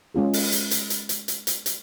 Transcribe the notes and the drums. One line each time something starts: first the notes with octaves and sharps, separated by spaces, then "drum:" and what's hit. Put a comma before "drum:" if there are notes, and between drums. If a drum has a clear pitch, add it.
G#3 C#4 F4 G#4
drum: open hi-hat
drum: hi-hat
drum: hi-hat
drum: hi-hat
drum: hi-hat
drum: hi-hat
drum: hi-hat
drum: hi-hat